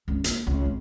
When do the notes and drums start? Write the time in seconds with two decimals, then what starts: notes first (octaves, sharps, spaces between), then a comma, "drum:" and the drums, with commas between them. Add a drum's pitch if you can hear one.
0.08 C#2 G2
0.24 A#3, drum: hi-hat
0.47 C#2
0.66 G#1